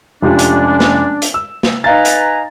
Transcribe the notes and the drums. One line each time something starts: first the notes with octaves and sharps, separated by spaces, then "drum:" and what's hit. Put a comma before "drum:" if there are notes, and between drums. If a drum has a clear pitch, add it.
F1 G#3 C#4 D4 F4 G4
drum: hi-hat
drum: snare
drum: hi-hat
E6
drum: snare
D#4 B4 F5 G#5 A#5 A6
drum: hi-hat